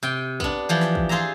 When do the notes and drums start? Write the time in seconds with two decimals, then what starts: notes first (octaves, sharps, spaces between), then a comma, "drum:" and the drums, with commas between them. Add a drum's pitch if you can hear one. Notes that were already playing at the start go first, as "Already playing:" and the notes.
0.03 C3 G5
0.40 B3 D4, drum: kick
0.69 E3 F3 G4
0.81 drum: snare
0.95 drum: kick
1.09 F4 G#4 C5 E5 A#5